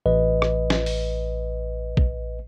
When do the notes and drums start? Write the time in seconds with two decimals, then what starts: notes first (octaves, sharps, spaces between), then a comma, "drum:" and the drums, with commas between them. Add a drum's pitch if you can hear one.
0.06 A1 B4 D#5
0.42 drum: rim click
0.70 drum: snare
0.86 drum: open hi-hat
1.97 drum: kick A#1